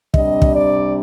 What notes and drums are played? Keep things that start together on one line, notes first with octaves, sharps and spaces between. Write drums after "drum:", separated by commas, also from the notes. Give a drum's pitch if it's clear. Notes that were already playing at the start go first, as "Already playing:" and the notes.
C3 G3 D4 D#5, drum: kick
drum: kick
D5